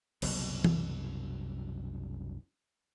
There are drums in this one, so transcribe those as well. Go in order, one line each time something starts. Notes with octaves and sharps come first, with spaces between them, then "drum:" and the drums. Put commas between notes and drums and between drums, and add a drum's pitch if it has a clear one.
F#1 C2 B2 F#3, drum: cymbal
drum: tom E3